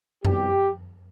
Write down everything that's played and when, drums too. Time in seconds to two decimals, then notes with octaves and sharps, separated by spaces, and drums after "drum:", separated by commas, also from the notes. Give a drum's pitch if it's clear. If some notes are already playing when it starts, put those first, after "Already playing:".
0.25 C2 B2 G3 G4, drum: tom F#2